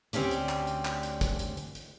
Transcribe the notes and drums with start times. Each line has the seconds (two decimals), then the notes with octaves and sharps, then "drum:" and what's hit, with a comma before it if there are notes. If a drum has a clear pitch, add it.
0.13 D2 C4 C#4 G4 D5, drum: hi-hat
0.31 drum: hi-hat
0.49 drum: clap
0.67 drum: hi-hat
0.85 drum: clap
1.03 drum: hi-hat
1.21 drum: kick, hi-hat
1.39 drum: hi-hat
1.57 drum: hi-hat
1.75 drum: hi-hat